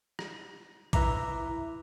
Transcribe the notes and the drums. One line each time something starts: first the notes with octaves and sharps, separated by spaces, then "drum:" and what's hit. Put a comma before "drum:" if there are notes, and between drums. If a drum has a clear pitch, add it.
drum: rim click
E4 B4 E5 A#5 D6, drum: kick, hi-hat